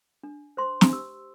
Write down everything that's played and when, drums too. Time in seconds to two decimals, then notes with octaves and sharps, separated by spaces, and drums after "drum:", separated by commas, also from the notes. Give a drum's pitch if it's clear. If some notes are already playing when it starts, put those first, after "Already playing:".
0.23 D4
0.57 C5 C6
0.81 drum: snare
0.93 G4 E6